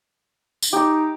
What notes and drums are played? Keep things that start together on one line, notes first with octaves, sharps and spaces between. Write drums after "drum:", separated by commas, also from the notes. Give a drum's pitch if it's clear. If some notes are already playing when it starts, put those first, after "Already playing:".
drum: tambourine
D#4 G4 D6